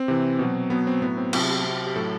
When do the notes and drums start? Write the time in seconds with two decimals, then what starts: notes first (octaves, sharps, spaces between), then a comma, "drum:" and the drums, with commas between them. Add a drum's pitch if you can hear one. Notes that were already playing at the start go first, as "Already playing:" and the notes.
Already playing: C4
0.08 C3 E3
0.39 B2 F#3
0.70 B2 F#3 B3
0.87 C4
1.02 A2 F#3 B3
1.17 C4
1.33 C3 F#3, drum: cymbal
1.64 C3 F#3
1.87 G4
1.96 A2 F#3 A4